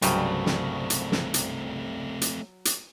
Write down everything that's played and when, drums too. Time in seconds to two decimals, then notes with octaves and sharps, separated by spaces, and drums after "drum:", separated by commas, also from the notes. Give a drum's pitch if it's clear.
0.02 C2 G2 C#3 F#3 A3 C4 G5, drum: hi-hat
0.46 drum: snare
0.90 drum: hi-hat
1.12 drum: snare
1.34 drum: hi-hat
2.21 drum: hi-hat
2.65 drum: hi-hat